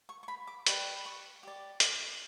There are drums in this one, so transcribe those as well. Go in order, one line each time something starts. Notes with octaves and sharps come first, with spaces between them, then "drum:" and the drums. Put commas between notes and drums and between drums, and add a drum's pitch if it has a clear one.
C#6
C#6
B5
D6
G4 B4 D5 C#6, drum: hi-hat
C#6
G4 D5
drum: hi-hat